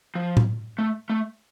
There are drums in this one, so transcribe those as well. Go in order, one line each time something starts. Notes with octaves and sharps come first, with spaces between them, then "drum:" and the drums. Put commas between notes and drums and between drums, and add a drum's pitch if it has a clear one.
F3
drum: tom A2
A3
A3